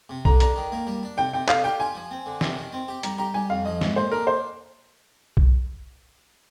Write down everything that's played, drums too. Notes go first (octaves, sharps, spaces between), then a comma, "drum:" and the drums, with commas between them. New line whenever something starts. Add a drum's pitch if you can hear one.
C3
D3 A#5, drum: kick B1
D4 A#5, drum: hi-hat
D#3
A#3
G3
D4
C3 G5
C3 G5
D3 F5, drum: clap
G4 G5
F4 G#5
F3
C4
D3
C3, drum: snare
D#3
C4
G4
G3 A#5, drum: hi-hat
G4 A#5
G3 G#5
F2 F5
F3 D#5
G#2, drum: snare
A#2 C5
D4 A#4
C5
drum: kick B1